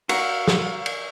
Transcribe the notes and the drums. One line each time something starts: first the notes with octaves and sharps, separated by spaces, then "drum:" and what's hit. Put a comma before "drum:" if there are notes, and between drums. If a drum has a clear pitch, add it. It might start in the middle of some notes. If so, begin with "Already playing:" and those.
F#4 A#4 F5 C#6 E6 C#7, drum: cymbal
drum: snare
drum: cymbal